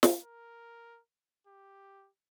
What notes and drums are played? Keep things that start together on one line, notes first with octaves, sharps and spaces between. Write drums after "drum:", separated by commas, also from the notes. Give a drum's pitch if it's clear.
drum: snare
A#4
G4